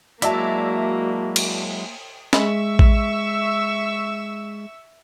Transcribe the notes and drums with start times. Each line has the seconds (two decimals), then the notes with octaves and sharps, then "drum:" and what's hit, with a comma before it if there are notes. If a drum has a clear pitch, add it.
0.22 F#3 G#3 A#3 E4 F#4 D5 E5 A5, drum: hi-hat
1.36 drum: cymbal
2.33 G#3 E5 C#6 E6, drum: snare
2.79 drum: kick A1